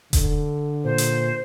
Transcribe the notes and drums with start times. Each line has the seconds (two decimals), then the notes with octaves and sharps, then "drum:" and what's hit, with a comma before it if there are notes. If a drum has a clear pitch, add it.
0.13 D3, drum: kick E1, hi-hat
0.84 A#2 C5
0.98 drum: hi-hat